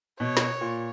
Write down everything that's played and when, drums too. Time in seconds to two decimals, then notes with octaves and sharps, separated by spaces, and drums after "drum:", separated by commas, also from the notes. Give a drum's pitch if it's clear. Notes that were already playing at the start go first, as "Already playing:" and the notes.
0.20 B2 C#5
0.37 drum: snare
0.61 A#2